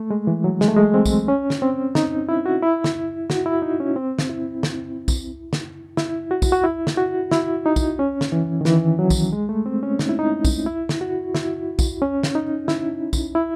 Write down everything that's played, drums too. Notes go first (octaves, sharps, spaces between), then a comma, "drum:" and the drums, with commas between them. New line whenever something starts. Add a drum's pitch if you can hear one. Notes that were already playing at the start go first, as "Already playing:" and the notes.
Already playing: A3
G#3
E3
F#3
G#3, drum: snare
A3
G#3
C4
drum: kick, tambourine
C#4
drum: snare
C4
D#4, drum: snare
E4
F#4
E4
drum: snare
F#4, drum: snare
E4
D#4
C#4
C4
drum: snare
E4
drum: snare
drum: kick, tambourine
drum: snare
E4, drum: snare
F#4
drum: kick, tambourine
F#4
E4
drum: snare
F#4
E4, drum: snare
D#4
drum: kick, tambourine
C#4
drum: snare
E3
D#3
E3, drum: snare
F#3
drum: kick, tambourine
G#3
A3
C4
C#4
D#4, drum: snare
E4
D#4
drum: kick, tambourine
E4
drum: snare
F#4
E4, drum: snare
drum: kick, tambourine
C#4
drum: snare
D#4
E4, drum: snare
drum: kick, tambourine
E4